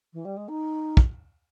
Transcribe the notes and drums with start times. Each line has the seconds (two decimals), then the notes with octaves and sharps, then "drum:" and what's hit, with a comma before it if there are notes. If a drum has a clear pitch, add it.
0.13 E3
0.25 G3
0.36 G#3
0.48 D#4
0.97 drum: kick